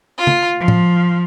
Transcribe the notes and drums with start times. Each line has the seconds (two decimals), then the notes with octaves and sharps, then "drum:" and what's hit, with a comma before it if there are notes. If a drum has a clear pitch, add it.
0.18 F4
0.27 drum: tom
0.59 F3
0.68 drum: tom A2